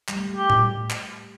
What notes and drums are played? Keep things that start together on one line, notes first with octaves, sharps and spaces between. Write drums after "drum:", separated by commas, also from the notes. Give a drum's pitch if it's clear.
G3, drum: clap
A3
G3
G4
drum: tom A2
drum: clap